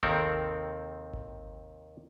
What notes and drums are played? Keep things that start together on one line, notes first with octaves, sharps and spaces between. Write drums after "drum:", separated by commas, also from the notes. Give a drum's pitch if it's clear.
D#2 C3 D#3 C4 A4 A#4, drum: kick G#1
drum: kick G#1